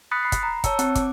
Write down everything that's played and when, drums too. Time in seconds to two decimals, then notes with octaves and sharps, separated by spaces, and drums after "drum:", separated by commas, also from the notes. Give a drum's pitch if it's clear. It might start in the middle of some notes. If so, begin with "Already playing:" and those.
0.11 B5 D#6 F#6 A6 B6 C#7
0.23 B5 C7
0.32 drum: kick, hi-hat
0.43 A#5
0.64 C#5 A5 E6 C#7, drum: kick, hi-hat
0.79 C4, drum: hi-hat
0.95 D6, drum: kick, hi-hat